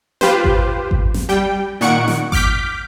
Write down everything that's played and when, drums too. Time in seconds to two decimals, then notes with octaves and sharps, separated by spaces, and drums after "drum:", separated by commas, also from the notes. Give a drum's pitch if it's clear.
0.21 F4 G4 B4 C5, drum: snare
0.44 drum: kick G#1
0.91 drum: kick G#1
1.14 drum: snare
1.29 G3 G5
1.81 A#2 D#3 F#5 C#6 C#7 D7
2.08 drum: snare
2.32 D6 F6 G6 B6 D7, drum: kick G#1